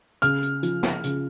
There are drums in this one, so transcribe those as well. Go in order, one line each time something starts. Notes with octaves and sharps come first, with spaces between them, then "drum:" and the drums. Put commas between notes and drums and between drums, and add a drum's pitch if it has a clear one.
C#3 F6, drum: hi-hat
drum: hi-hat
F3, drum: hi-hat
drum: snare
C#3, drum: hi-hat